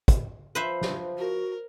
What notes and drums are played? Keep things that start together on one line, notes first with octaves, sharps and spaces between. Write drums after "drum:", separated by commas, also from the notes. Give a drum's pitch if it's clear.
drum: kick, hi-hat
F3 B4 C5 E5
drum: snare
F#4 A#4